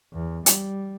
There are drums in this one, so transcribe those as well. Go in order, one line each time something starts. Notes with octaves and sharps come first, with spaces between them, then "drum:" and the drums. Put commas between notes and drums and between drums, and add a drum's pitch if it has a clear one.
E2
G3, drum: hi-hat